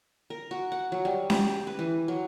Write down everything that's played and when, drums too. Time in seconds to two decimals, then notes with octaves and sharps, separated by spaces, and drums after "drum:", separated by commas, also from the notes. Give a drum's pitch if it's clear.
0.30 A#4
0.51 F#4
0.72 F#5
0.92 F#3
1.05 G3
1.30 G4, drum: snare C#4
1.67 B4
1.79 E3
2.08 F#3